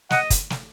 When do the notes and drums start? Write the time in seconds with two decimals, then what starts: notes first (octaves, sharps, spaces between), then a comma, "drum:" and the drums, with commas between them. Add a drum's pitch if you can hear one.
0.10 D#5 F#5, drum: snare
0.30 drum: kick, hi-hat
0.50 drum: snare